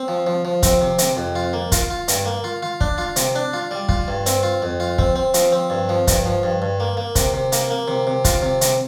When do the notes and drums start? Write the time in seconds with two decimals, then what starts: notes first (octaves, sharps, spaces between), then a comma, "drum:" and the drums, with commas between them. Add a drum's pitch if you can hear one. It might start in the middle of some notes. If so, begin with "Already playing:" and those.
Already playing: C4
0.08 F3
0.27 F3
0.45 F3
0.63 C4, drum: kick, hi-hat
0.81 C3
0.98 C3, drum: hi-hat
1.17 F2
1.35 F4
1.53 A#3
1.72 F4, drum: kick, hi-hat
1.90 F4
2.08 G2, drum: hi-hat
2.26 A#3
2.44 F4
2.62 F4
2.81 D4, drum: kick
2.98 F4
3.16 C3, drum: hi-hat
3.35 D4
3.53 F4
3.71 G3
3.89 F4, drum: kick
4.08 G2
4.26 C4, drum: hi-hat
4.43 F4
4.62 F2
4.80 F4
4.98 C4, drum: kick
5.16 C4
5.34 F3, drum: hi-hat
5.52 C4
5.70 G2
5.89 F3
6.07 G2, drum: kick, hi-hat
6.26 F3
6.43 G2
6.62 G2
6.80 A#3
6.97 A#3
7.15 C3, drum: kick, hi-hat
7.34 C3
7.52 A#3, drum: hi-hat
7.70 A#3
7.88 C3
8.07 C3
8.25 F4, drum: kick, hi-hat
8.42 C3
8.61 C3, drum: hi-hat